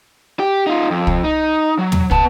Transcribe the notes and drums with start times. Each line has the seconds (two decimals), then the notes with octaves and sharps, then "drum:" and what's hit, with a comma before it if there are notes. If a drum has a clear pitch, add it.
0.39 G4
0.67 D#4 F4
0.91 F2
1.07 drum: kick
1.24 D#4
1.79 F#3
1.92 drum: tom
2.11 B3 A5, drum: kick